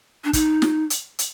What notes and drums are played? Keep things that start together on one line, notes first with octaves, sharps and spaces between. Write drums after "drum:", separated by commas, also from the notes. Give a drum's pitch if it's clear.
D4
D#4, drum: kick, hi-hat
drum: snare
drum: hi-hat
drum: hi-hat